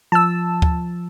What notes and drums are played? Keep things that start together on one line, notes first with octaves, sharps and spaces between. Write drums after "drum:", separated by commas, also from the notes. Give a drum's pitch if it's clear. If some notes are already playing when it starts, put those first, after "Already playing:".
F3 A5 E6
drum: kick D2